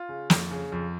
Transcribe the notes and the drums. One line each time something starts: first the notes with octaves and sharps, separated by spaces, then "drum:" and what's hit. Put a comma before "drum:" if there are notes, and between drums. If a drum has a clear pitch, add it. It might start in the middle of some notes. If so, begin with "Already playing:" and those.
Already playing: F4
C#3
F2, drum: snare
C#3
F2